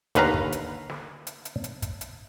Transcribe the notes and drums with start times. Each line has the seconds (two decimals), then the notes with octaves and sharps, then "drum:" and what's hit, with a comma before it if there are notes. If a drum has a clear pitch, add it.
0.15 D#2 D3 B4 F5 A#5, drum: hi-hat
0.34 drum: kick
0.52 drum: hi-hat
0.90 drum: snare
1.27 drum: hi-hat
1.45 drum: hi-hat
1.64 drum: hi-hat
1.82 drum: kick, hi-hat
2.01 drum: hi-hat